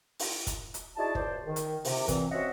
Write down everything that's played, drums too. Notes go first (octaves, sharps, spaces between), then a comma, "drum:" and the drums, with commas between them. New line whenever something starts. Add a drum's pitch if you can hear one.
drum: open hi-hat
drum: kick, hi-hat
drum: hi-hat
D#4 E4 F#4 G#4 D5 A5
C#2 C5 D5, drum: kick
D#3
drum: hi-hat
C3, drum: open hi-hat
A#2 E3 C4, drum: kick, hi-hat
C4 C#4 F#4 D#5 E5 F#5